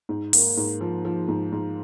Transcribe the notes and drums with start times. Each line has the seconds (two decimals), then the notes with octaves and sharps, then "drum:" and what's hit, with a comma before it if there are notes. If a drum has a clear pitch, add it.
0.09 G#2
0.33 A#3, drum: open hi-hat
0.57 G#2
0.81 F3
1.05 F3
1.28 G#2
1.52 G#2